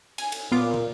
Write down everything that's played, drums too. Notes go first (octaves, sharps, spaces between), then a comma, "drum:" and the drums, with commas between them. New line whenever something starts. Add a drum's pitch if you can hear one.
G#5, drum: cymbal
drum: cymbal
A#2 B3 F4 D6
drum: tom